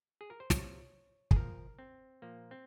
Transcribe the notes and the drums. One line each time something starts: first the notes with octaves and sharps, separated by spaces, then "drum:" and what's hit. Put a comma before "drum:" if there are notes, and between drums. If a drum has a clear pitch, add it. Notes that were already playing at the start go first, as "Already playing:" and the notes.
G#4
A#4
C5
C3 F3 C#5, drum: snare
G#4, drum: kick
A#2 F3 A#4
C4
A#2 F3 A#3
C4